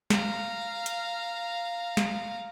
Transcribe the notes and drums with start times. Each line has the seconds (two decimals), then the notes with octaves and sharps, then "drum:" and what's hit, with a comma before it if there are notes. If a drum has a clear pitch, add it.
0.10 F5 A#5, drum: snare
0.86 drum: hi-hat
1.97 drum: snare